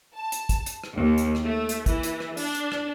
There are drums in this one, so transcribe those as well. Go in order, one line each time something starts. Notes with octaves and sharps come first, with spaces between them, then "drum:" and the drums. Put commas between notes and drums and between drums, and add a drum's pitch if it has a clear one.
A5
drum: hi-hat
drum: kick, hi-hat
drum: hi-hat
drum: rim click
D#2
drum: hi-hat
drum: rim click
A3
drum: hi-hat
E3, drum: kick, hi-hat
drum: hi-hat
drum: rim click
D4, drum: open hi-hat
drum: hi-hat
drum: rim click